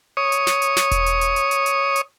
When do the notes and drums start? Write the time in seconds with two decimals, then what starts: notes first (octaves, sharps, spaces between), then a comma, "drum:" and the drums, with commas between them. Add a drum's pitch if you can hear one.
0.17 C#5 D#6
0.32 drum: hi-hat
0.47 drum: snare
0.62 drum: hi-hat
0.77 drum: snare
0.91 drum: kick E1, hi-hat
1.06 drum: hi-hat
1.21 drum: hi-hat
1.36 drum: hi-hat
1.51 drum: hi-hat
1.66 drum: hi-hat
1.96 drum: hi-hat